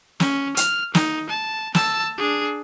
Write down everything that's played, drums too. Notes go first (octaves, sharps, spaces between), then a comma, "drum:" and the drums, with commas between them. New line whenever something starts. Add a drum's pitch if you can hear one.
C#4, drum: snare
F6, drum: hi-hat
D#4, drum: snare
A5
A5 E6, drum: snare
D4 G#4